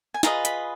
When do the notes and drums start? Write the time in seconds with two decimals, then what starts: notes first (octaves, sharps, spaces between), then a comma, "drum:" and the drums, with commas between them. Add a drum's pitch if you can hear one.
0.14 G#5
0.23 F4 G#4 B4 D#5 A#5, drum: snare
0.45 B5, drum: hi-hat